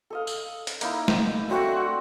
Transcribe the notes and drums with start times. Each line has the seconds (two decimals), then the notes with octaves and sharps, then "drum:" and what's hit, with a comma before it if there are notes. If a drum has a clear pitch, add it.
0.10 A4 D#5 F5
0.27 drum: tambourine
0.67 drum: hi-hat
0.81 A#3 D#4 E4, drum: hi-hat
1.08 drum: snare A3
1.49 A3 C4 D4 F#4